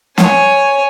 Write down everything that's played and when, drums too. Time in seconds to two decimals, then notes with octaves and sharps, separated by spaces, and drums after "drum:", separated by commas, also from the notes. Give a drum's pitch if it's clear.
0.18 C#5 G#5, drum: snare